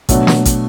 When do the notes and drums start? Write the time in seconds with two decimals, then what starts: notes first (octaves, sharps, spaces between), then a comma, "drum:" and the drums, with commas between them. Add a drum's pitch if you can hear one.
0.09 B2 F#3 A3 D4, drum: kick A1, hi-hat
0.27 drum: snare
0.45 drum: kick A1, hi-hat